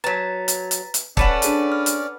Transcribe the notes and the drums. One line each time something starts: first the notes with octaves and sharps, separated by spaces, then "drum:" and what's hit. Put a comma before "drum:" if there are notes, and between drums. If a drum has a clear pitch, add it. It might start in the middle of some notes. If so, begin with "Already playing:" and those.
F#3 B4 A5 A#5 A6 B6
drum: hi-hat
drum: hi-hat
drum: hi-hat
C#4 A4 B4 D5 F#5 A5, drum: kick
D4 G#4 D#7, drum: hi-hat
F6
drum: hi-hat